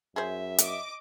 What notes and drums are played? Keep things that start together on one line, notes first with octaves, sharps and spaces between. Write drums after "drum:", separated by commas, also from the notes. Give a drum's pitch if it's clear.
F#2 G#4 C5 E5
D#5 D6, drum: hi-hat